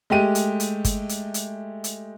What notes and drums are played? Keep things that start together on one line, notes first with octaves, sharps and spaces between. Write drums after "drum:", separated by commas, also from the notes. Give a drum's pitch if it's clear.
G#3 A3 G4 D#7
drum: hi-hat
drum: hi-hat
drum: kick, hi-hat
drum: hi-hat
drum: hi-hat
drum: hi-hat